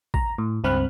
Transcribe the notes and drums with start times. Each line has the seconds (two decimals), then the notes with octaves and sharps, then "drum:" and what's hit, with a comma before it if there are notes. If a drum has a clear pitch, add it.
0.14 A#5, drum: kick
0.38 A2
0.64 C#2 G2 C4 B5 F6 F#6